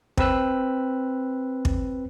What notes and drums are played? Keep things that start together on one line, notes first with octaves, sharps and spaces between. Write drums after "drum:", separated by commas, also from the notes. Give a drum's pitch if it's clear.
C4 B4 E6 F#6, drum: kick
drum: kick